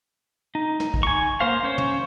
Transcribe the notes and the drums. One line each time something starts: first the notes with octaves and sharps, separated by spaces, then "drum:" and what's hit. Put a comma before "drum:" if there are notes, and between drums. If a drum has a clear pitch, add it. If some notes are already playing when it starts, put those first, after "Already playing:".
D#4
drum: snare
drum: kick
G#5 C#6
A#3 C5 F5
C#4 C5 C#5
drum: tom